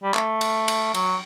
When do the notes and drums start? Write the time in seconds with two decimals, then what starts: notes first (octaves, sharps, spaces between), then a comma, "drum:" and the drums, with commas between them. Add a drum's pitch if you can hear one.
0.03 G3
0.14 A3, drum: clap
0.41 drum: cymbal
0.68 drum: cymbal
0.94 F#3, drum: cymbal